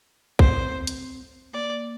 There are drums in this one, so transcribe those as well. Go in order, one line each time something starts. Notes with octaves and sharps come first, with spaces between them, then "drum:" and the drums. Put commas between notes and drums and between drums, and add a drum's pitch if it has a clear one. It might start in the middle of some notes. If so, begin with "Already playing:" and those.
C4 C5, drum: kick
drum: hi-hat
A#3 D5